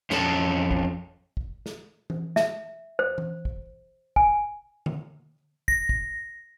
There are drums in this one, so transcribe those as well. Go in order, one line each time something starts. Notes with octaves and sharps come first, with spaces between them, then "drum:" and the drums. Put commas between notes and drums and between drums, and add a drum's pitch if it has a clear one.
F2 C#4 D4 A4, drum: snare
drum: kick
drum: kick
drum: snare
drum: tom E3
E5, drum: snare
C5
drum: tom E3
drum: kick
G#5, drum: kick
drum: tom D3
A#6, drum: kick
drum: kick